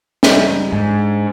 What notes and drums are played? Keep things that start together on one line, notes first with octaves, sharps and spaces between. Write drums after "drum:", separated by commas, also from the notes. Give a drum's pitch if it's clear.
G3 D#4, drum: snare
G#2 D4 G#5